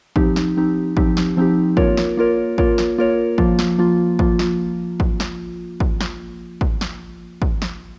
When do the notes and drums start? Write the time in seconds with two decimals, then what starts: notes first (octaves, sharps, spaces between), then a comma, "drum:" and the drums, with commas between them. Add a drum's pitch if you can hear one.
0.16 F3 C4 D#4 G4, drum: kick
0.36 drum: snare
0.57 F3 C4 D#4 G4
0.97 F3 C4 D#4 G4, drum: kick
1.17 drum: snare
1.37 F3 C4 D#4 G4
1.77 A#3 F4 A#4 C#5, drum: kick
1.97 drum: snare
2.17 A#3 F4 A#4 C#5
2.58 A#3 F4 A#4 C#5, drum: kick
2.78 drum: snare
2.98 A#3 F4 A#4 C#5
3.38 F3 A#3 F4, drum: kick
3.59 drum: snare
3.78 F3 A#3 F4
4.19 F3 A#3 F4, drum: kick
4.39 drum: snare
5.00 drum: kick
5.20 drum: snare
5.80 drum: kick
6.01 drum: snare
6.61 drum: kick
6.81 drum: snare
7.42 drum: kick
7.62 drum: snare